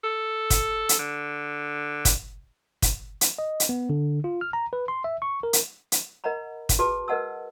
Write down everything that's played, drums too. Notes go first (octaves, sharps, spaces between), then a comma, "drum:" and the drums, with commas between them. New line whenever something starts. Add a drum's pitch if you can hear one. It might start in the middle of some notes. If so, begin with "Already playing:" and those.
A4
drum: kick, hi-hat
drum: hi-hat
D3
drum: kick, hi-hat
drum: kick, hi-hat
drum: hi-hat
D#5
drum: hi-hat
B3
D3
F4
F6
A#5
B4
C6
E5
C#6
A#4
drum: hi-hat
drum: hi-hat
A#4 D#5 F#5 A#5 B5
drum: kick, hi-hat
F#4 G#4 B4 A5 D6
A#4 B4 D#5 F#5 A5 E6